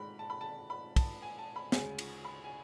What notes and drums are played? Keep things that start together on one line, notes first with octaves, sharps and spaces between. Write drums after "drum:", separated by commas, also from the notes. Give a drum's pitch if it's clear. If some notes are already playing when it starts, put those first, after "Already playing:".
Already playing: G#2 G#3 B5
A5
B5
A5
B5
A5, drum: kick, cymbal
G#5
A5
B5
D2 C#3 G#3 C#4 G#5, drum: snare
drum: cymbal
B5
G#5